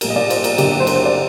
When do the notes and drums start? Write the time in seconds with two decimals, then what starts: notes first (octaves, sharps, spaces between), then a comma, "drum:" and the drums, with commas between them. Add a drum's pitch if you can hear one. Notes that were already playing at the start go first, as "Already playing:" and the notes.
0.01 A#1 A#2 G3 A#4, drum: cymbal
0.10 D#5
0.16 D5, drum: tom G#2
0.30 C5, drum: cymbal
0.44 A#4, drum: cymbal
0.58 F#1 F#2 D3 G4, drum: cymbal
0.80 C5
0.87 A#4, drum: cymbal
0.96 C5
1.05 D5